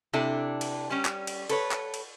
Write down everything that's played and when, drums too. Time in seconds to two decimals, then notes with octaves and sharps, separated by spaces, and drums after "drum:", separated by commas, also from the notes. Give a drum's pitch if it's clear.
0.13 C3 D4 E4 A4
0.61 drum: cymbal
0.90 G3 C#4
1.05 drum: clap
1.27 drum: cymbal
1.50 A4 B4 C#5, drum: cymbal
1.72 drum: clap
1.94 drum: cymbal